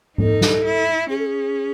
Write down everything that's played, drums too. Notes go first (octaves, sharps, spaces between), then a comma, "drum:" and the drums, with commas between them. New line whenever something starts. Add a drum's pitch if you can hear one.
D#4 A4, drum: tom G#2
drum: snare
E4
C#4 G#4
A4
G#4